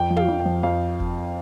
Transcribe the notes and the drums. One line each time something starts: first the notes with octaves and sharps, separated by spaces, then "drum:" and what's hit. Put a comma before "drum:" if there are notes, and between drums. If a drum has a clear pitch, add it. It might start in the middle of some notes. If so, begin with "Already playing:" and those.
Already playing: F2 G5
F3
F5, drum: tom
F2
G5
F3
F2 F5
drum: kick